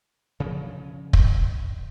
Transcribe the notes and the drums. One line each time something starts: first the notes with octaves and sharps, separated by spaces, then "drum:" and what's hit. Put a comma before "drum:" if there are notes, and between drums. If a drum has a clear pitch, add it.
C#3 F3 F#3
drum: kick